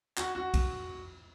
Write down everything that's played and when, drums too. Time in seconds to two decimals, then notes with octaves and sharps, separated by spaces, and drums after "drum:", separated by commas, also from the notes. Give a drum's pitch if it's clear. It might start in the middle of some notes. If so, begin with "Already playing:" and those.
0.17 F#4, drum: clap
0.35 F#4
0.54 drum: kick, cymbal